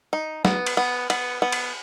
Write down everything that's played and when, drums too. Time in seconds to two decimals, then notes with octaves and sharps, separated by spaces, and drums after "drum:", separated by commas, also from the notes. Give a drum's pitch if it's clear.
0.13 D#4
0.45 B3, drum: snare
0.66 drum: cymbal
0.77 B3
1.10 B3, drum: cymbal
1.42 B3
1.52 drum: cymbal